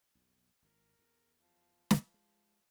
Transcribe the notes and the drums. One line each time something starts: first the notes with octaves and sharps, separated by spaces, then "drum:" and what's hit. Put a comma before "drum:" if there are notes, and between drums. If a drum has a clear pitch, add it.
B1 F2
G#1 A#2 A#4
E2
F3
drum: snare
G#3